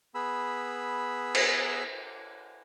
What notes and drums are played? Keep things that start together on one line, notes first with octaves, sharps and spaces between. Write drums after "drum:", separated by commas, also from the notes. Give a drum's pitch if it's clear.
B3 G#4 B5 E6
drum: cymbal